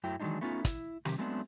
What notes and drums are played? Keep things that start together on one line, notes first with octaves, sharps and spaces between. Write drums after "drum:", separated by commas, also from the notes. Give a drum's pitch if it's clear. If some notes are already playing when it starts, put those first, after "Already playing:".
F#2 F#3 A3 E4 G5
D#3 E3 F#3 G#3 D4 D#4
A3 B3 C#4 D#4 F4
E4, drum: kick, hi-hat
C3 D#3 G4, drum: snare
F#3 G#3 A3 B3 C4 D4